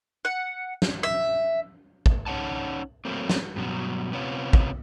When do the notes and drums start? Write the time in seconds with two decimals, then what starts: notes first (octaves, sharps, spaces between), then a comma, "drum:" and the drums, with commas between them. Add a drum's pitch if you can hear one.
0.25 F#5
0.82 drum: snare
1.03 E5
2.06 drum: kick
2.26 C#4 D#4 C#5 F#5 A5
3.05 F#3 A3 A#3 C4
3.30 drum: snare
3.56 G2 B2 F#3
4.12 C3 B3 C#4 F4
4.53 drum: kick